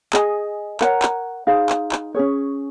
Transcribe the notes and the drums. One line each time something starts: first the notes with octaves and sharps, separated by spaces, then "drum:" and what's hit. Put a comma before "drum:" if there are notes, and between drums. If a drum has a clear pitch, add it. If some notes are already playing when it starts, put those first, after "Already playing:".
G#4 D#5 G#5, drum: clap
A#4 C#5 F#5 A#5, drum: clap
drum: clap
D#4 G#4 C5 F5
drum: clap
drum: clap
C#4 G#4 C#5